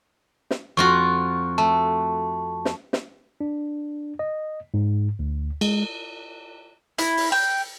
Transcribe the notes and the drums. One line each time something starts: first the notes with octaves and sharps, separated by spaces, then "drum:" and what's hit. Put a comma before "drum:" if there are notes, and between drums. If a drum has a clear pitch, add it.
drum: snare
F2 F4 F#4 C#6
A3 A5
drum: snare
drum: snare
D4
D#5
G#2
D2
G#3, drum: cymbal
E4, drum: hi-hat
drum: open hi-hat
G5